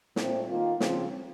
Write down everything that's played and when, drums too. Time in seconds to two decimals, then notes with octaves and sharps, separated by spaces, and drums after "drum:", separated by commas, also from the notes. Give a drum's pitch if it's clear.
0.16 A#2 A3 C4, drum: snare
0.48 D#3 A#3 F4
0.80 C#3 F3 C4, drum: snare